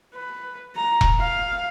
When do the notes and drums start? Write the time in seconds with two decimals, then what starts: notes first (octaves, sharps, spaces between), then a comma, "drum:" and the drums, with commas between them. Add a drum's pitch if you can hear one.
0.16 B4
0.75 A#5
1.01 drum: kick E1
1.19 F5